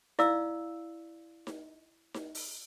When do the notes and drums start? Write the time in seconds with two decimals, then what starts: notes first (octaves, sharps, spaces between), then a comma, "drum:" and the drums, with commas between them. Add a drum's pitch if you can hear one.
0.19 E4 D5 F5 E6, drum: snare D#4
1.47 drum: snare D#4
2.14 drum: snare D#4
2.35 drum: open hi-hat